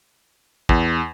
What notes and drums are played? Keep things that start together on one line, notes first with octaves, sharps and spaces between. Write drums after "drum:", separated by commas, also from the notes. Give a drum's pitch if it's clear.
E2, drum: kick